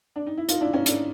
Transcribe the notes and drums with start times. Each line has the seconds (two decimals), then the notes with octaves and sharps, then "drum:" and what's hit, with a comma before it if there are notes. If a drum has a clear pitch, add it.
0.16 D4
0.27 D#4
0.37 E4
0.49 D#4 F4, drum: hi-hat
0.61 D4 E4
0.73 C#4 D#4
0.86 D4 E4, drum: hi-hat